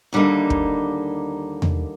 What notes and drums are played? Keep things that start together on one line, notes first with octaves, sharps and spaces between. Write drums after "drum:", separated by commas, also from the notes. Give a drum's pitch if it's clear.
D#2 D3 G3 A#3 D#4
drum: kick
drum: tom E2